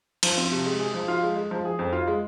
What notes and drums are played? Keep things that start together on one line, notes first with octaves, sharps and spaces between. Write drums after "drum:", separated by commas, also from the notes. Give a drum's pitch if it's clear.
F3, drum: cymbal
C4
C3
G#3
G#4
F3
F4
G#3
G#3
F3
G#4
F2
F4
G#3